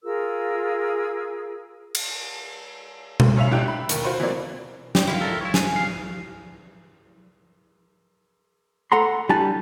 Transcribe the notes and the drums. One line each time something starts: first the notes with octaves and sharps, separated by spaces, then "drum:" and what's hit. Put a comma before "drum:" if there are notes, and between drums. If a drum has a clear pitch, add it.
F4 G#4 A#4 E6
drum: cymbal
drum: tom B2
F#2 C#4 E5 F5 F7
A1 D4 E4 G4 G5 F#6
E5 B5
D#2 D#3, drum: hi-hat
F4 F#4 C5 B5
E3 F#3 A#3 C4 D5
G4, drum: snare
D#3 F#3 E4 F4
A4 A#4 A5
E4 C#5
G2 G#5, drum: snare
F2 F5
A4 F#5 A#5 C6
G3 D4 E4 G#5 A5